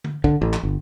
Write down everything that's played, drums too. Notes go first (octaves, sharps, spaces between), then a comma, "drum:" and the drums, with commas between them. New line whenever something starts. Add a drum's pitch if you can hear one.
drum: tom
D3, drum: kick
A1
drum: clap
G1